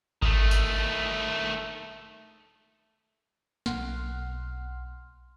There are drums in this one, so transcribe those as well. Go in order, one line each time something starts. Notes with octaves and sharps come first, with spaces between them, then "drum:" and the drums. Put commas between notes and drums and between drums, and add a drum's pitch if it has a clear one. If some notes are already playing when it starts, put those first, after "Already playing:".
D#3 A3, drum: kick G#1
drum: tambourine
B1 F#5 C6 F6, drum: snare